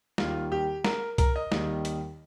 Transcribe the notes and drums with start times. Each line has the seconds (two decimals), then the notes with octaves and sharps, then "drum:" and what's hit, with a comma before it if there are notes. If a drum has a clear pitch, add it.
0.18 D#2 D#3 G3 F4, drum: snare
0.52 G4
0.84 A#4, drum: snare
1.18 A#4, drum: kick C2, hi-hat
1.36 D#5
1.52 D#2 D#3 G3, drum: snare
1.85 drum: hi-hat